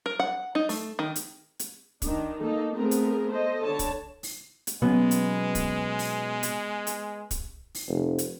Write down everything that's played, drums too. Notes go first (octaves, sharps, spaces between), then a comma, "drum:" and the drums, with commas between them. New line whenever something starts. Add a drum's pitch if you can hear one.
A#4
F#5
D#4
A3, drum: open hi-hat
D#3
drum: hi-hat
drum: hi-hat
D#3 D4, drum: kick, hi-hat
A#3 D#4 A4
A3 B3 C4 G#4 A#4
drum: hi-hat
A4 C5 D#5
D3 C#5 A5
drum: kick, hi-hat
drum: open hi-hat
drum: hi-hat
B2 F#3 G#3 B3 C#4
drum: hi-hat
drum: kick, hi-hat
drum: open hi-hat
drum: hi-hat
drum: hi-hat
drum: kick, hi-hat
drum: open hi-hat
F1
drum: hi-hat